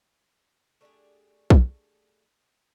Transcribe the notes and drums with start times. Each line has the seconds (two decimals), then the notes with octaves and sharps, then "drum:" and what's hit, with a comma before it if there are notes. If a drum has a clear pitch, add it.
0.81 A3 D4 G4 G#4
1.50 drum: kick